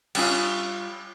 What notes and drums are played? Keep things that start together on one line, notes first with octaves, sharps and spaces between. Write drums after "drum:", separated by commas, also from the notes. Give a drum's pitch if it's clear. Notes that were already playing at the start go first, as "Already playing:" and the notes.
G3 C#4 F4, drum: cymbal